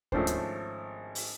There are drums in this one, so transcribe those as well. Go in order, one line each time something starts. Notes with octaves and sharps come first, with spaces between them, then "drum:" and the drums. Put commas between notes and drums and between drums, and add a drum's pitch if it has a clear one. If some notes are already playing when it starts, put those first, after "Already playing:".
G#1 F3 A3 C#4 D4 C5, drum: kick D2
drum: hi-hat
drum: open hi-hat